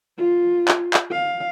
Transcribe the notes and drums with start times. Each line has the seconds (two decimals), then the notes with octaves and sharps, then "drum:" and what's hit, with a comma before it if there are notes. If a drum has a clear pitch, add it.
0.17 F4
0.68 drum: clap
0.94 drum: clap
1.11 F5